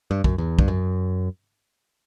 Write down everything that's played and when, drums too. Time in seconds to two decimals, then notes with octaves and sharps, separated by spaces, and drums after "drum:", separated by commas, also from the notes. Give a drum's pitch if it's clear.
0.11 G2
0.24 F#2, drum: kick
0.38 E2
0.59 G2, drum: kick
0.68 F#2